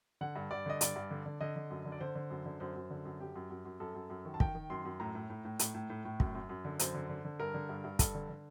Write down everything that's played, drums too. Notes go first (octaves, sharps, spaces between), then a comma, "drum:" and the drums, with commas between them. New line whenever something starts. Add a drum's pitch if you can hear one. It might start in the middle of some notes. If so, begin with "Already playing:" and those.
D3 F#5
G2
G2 D5
D3 D#5
G2 D5, drum: hi-hat
G2
D3
D3
D3 D#5
D3
F#2
D3
D5
D3 C5
D3
F#2
D3
F#2 C5
F#2
D3
F#2
F#2 G4
F#2
F#2
F#2
F#2 A4
F#2
F#2
D#3
A5
D#3 G5, drum: kick
D#3
F#2 C6
F#2
A2 A#5
A2
A2
A2
A2, drum: hi-hat
A2
A2
A2
F#2, drum: kick
F#2
F#2
D3
F#2 C5, drum: hi-hat
D3
D3
D3
G2 A#4
D3
G2
G2
G2 A4, drum: kick, hi-hat
D3
D3